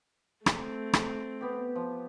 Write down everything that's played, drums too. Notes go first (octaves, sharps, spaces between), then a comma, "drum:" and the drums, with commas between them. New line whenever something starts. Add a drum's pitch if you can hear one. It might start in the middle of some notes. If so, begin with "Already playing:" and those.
A3 C4, drum: rim click
drum: rim click
B3 G4
F3